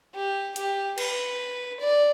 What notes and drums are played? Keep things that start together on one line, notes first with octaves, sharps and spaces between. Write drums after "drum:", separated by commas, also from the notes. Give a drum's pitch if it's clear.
G4
G4, drum: hi-hat
B4, drum: cymbal
D5